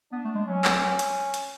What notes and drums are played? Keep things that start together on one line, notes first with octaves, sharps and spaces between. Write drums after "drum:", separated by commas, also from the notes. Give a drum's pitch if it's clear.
B3 D4
A3
G#3
F#3 C#4
drum: clap
drum: hi-hat
drum: hi-hat